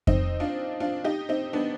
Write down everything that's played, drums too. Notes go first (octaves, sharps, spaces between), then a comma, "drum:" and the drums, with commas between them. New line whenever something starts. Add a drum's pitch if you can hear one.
C4 D#4, drum: kick F2
D4 F4
D4 F4
D#4 G4
C4 D#4
B3 D4